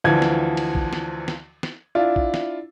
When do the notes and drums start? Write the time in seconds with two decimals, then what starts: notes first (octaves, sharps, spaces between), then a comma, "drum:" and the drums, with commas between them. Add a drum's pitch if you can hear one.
0.04 D2 E3 F3 G#6
0.22 drum: snare
0.57 drum: cymbal
0.75 drum: kick
0.93 drum: snare
1.28 drum: snare
1.63 drum: snare
1.95 D4 E4 F4
2.16 drum: kick
2.34 drum: snare